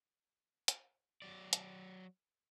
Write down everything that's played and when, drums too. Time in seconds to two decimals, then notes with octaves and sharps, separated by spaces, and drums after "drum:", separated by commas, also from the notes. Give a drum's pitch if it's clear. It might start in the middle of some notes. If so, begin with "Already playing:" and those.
0.68 drum: hi-hat
1.22 F#3 D5
1.53 drum: hi-hat